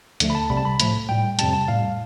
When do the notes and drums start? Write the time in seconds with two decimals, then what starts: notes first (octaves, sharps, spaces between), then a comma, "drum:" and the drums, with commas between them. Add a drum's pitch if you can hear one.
0.20 D2 D3 F3 A3, drum: hi-hat
0.30 B5
0.35 A5
0.50 C2 C3 G3 B5
0.57 A5
0.65 B5
0.80 A2 F3 A3, drum: hi-hat
1.09 A2 G3 G5
1.39 F2 C3 G3 A5, drum: hi-hat
1.53 A5
1.68 A2 G3 F5